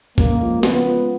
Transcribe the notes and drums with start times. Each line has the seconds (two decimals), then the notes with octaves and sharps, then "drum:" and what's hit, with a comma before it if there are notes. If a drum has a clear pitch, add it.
0.18 C#3 A#3, drum: kick, hi-hat
0.41 F3 G#3
0.63 C#3 B3, drum: snare
0.86 F3 G#3